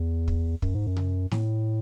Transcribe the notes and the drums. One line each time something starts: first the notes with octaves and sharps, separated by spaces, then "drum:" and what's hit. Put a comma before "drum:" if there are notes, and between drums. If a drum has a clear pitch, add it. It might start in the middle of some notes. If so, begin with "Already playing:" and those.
Already playing: E2
drum: kick
F#2, drum: kick
G#2
F#2
drum: tom C3
A2, drum: snare